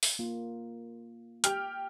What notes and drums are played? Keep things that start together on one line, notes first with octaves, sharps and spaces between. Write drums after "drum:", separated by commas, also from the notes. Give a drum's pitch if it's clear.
drum: open hi-hat
A#3 F4
G4 G5 F6, drum: hi-hat